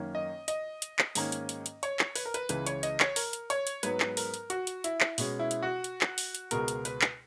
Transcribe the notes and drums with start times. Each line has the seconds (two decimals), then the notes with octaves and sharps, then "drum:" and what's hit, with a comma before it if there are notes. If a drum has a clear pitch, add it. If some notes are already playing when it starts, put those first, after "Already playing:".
Already playing: F#2 D#3 A#3 C#4
0.15 D#5
0.48 D#5, drum: hi-hat
0.82 drum: hi-hat
0.99 drum: clap
1.15 G#2 D#3 A#3 C#4, drum: open hi-hat
1.32 drum: hi-hat
1.49 drum: hi-hat
1.66 drum: hi-hat
1.83 C#5, drum: hi-hat
1.99 drum: clap
2.16 B4, drum: open hi-hat
2.25 A#4
2.34 B4, drum: hi-hat
2.49 C#2 C#3 E3 B4, drum: hi-hat
2.67 C#5, drum: hi-hat
2.83 D#5, drum: hi-hat
3.00 C#5, drum: clap
3.16 A#4, drum: open hi-hat
3.33 drum: hi-hat
3.50 C#5, drum: hi-hat
3.67 drum: hi-hat
3.83 G#2 F#3 B3 B4, drum: hi-hat
4.00 drum: clap
4.17 A#4, drum: open hi-hat
4.34 drum: hi-hat
4.50 F#4, drum: hi-hat
4.67 drum: hi-hat
4.84 E4, drum: hi-hat
5.01 drum: clap
5.18 B2 G#3 C#4, drum: open hi-hat
5.39 E4
5.51 drum: hi-hat
5.62 F#4
5.84 drum: hi-hat
6.01 drum: clap
6.18 drum: open hi-hat
6.35 drum: hi-hat
6.51 C#2 B2 G#3 B3 A#4, drum: hi-hat
6.68 drum: hi-hat
6.85 B4, drum: hi-hat
7.02 drum: clap